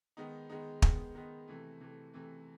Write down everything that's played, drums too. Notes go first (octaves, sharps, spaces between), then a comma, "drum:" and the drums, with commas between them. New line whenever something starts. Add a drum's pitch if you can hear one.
D#3 G#3 B3 D#4
D#3 G#3 B3 D#4
D#3 G#3 B3 D#4, drum: kick
D#3 G#3 B3 D#4
C3 E3 A3
C3 E3 A3
C3 E3 A3